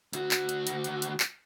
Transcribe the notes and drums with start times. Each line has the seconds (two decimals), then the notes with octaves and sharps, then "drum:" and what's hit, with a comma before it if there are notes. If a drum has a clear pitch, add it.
0.13 D2 F#4, drum: hi-hat
0.31 drum: clap
0.49 drum: hi-hat
0.67 drum: hi-hat
0.84 drum: hi-hat
1.02 drum: hi-hat
1.20 drum: clap